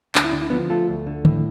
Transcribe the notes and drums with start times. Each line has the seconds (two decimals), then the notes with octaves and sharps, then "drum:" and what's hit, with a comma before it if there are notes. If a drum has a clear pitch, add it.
0.15 D2 D4, drum: clap
0.24 E4
0.32 D3 D4
0.42 E4
0.50 F3 B3 D4
0.70 A3 F4 A4
0.89 D2
1.07 D3
1.25 A2, drum: tom